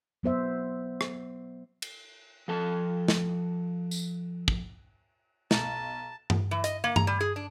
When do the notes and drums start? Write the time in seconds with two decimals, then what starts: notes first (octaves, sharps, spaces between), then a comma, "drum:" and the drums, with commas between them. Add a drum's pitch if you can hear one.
0.23 F#3 B3 C5 E5
1.01 drum: rim click
1.82 drum: cymbal
2.48 F3 A4 A5
3.08 drum: snare
3.91 drum: tambourine
4.48 drum: kick
5.51 B1 A5 A#5, drum: snare
6.30 drum: tom G2
6.51 E3
6.64 D#5, drum: hi-hat
6.84 A#3
6.96 A#5, drum: tom G2
7.07 G3
7.21 G#4
7.36 D4